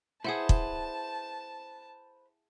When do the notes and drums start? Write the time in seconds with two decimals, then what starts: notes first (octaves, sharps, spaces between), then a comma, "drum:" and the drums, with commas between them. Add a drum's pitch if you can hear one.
0.24 E4 G#4 B4 C5 E5 F#5 A5 D#6
0.49 drum: kick